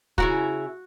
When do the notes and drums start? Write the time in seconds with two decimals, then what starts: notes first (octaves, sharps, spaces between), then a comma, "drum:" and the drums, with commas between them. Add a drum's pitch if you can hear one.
0.18 C#3 E4 F#4 A#5, drum: kick